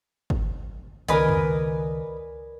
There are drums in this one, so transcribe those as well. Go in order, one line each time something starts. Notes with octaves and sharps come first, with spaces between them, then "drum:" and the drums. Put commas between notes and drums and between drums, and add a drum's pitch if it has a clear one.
drum: kick
C#2 D#3 A#4 B4 D5 D#5 G#5, drum: hi-hat
drum: tom E2